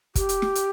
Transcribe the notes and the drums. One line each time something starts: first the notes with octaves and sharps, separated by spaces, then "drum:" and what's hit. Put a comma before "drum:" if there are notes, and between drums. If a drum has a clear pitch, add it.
G4, drum: kick, hi-hat
drum: hi-hat
drum: snare
drum: hi-hat